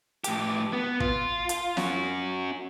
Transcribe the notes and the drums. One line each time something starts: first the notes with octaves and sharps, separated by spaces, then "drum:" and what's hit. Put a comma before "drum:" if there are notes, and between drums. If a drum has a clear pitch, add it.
A2 G4, drum: hi-hat
B3
F4, drum: kick
drum: hi-hat
C#4 F#4, drum: snare